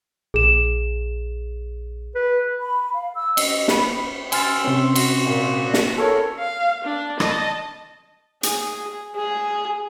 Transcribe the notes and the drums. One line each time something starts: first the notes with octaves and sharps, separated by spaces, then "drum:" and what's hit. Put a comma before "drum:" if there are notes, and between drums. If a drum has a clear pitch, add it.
A#1 G#4 E7
B4
B5
F5
E6
D#5, drum: cymbal
B5, drum: snare
G#5 C6 E6 F6 A6, drum: cymbal
C3 C4 C#4 C5
F#4, drum: cymbal
A#2
drum: snare
E2 A4 A#4 C#5
F5
D4
D#5 A5, drum: rim click
G#4, drum: hi-hat
G#4